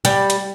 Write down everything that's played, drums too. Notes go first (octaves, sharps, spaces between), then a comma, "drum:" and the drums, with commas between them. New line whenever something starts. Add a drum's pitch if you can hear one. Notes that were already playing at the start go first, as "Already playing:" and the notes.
G3, drum: hi-hat
drum: hi-hat